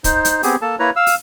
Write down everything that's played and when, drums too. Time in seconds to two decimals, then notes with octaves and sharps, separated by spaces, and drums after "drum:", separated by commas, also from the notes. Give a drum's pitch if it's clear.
0.04 D#4 C5, drum: kick, hi-hat
0.25 drum: hi-hat
0.43 B3 C4 G4 G#4, drum: open hi-hat
0.62 A#3 A4 A5
0.79 A#3 E4 B4 C#5 A#5
0.96 F5 E6
1.07 drum: open hi-hat